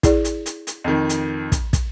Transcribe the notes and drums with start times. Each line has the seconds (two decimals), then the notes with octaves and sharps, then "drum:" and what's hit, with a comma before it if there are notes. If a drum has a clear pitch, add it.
0.03 E4 G#4 D5, drum: kick, hi-hat
0.25 drum: hi-hat
0.46 drum: hi-hat
0.67 drum: hi-hat
0.84 F2 D#3
1.09 drum: hi-hat
1.52 drum: kick, hi-hat
1.73 drum: kick, hi-hat